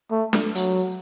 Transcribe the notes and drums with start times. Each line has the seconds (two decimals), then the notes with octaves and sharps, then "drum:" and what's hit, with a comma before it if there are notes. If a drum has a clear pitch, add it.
0.11 A3
0.33 drum: snare D4
0.55 F#3, drum: hi-hat